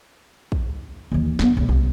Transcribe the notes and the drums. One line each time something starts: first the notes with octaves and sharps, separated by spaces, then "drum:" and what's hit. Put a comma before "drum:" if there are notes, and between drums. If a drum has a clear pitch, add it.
drum: kick
D#2 E3
B3 D4, drum: snare
C#2 B2
C2, drum: tom G#3